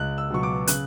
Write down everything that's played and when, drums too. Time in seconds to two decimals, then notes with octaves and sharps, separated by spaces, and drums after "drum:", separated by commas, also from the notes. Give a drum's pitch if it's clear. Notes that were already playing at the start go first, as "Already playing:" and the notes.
Already playing: C#2 F#6
0.18 E6
0.30 B2 F#3 C#6
0.43 D6
0.67 C#3 F#6, drum: hi-hat